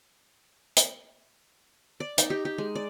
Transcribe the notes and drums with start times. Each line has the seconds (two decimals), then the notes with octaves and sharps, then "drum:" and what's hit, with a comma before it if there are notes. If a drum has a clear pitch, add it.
0.76 drum: hi-hat
2.00 D5
2.18 D#4, drum: hi-hat
2.30 G4
2.45 G4
2.58 G#3
2.75 D5